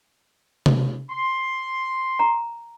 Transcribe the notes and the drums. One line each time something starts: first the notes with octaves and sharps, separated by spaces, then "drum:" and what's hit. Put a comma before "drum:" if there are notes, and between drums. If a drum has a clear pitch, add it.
drum: tom C3
C6
A#5